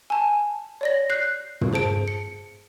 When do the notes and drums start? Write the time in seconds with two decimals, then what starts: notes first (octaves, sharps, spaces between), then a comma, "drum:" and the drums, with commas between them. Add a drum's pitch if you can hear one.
0.10 G#5 A5
0.81 C#5 D5 A#6
1.10 F#6 G6 C7
1.61 drum: tom
1.73 G#4 C5 A5 D7
2.08 C#7